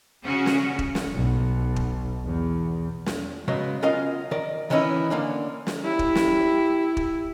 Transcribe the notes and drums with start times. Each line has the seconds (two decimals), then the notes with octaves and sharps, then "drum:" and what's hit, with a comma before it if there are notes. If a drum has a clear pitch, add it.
0.22 C#3 C#4 F#4
0.46 drum: snare
0.79 drum: kick
0.95 drum: snare
1.14 B1
1.76 drum: kick
2.25 E2
3.06 drum: snare
3.48 C#3 F#3 G#3 B3
3.82 B3 C#4 F4 A#4 D#5 F5
4.31 D#3 A#4 D5
4.70 D#3 E3 B3 C#4 D#4 E4
5.10 D3 A#3 C#4 D4
5.67 drum: snare
5.84 E4 G4
5.99 drum: kick
6.15 drum: snare
6.97 drum: kick